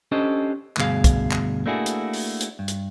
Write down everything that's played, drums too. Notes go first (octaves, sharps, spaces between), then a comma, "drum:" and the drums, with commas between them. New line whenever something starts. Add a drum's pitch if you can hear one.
C#4 D4 G4 A4 C5 D#5
D2 G2 B2 G#4 F5, drum: clap
drum: kick B1, hi-hat
drum: clap
A3 A#3 D4 E4 F#4 G#4
drum: hi-hat
drum: open hi-hat
drum: hi-hat
G2
drum: hi-hat